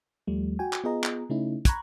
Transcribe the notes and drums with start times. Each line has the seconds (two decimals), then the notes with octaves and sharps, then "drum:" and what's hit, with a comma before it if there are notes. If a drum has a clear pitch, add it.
0.27 D#2 F3 G3 A3
0.59 F#4 G5 G#5
0.73 drum: clap
0.84 B3 F4 G#4 D#5 A#5
1.04 drum: clap
1.30 C#3 A3 C#4 D#4 E4
1.65 A#5 B5 C#6 F#6 G#6, drum: kick, hi-hat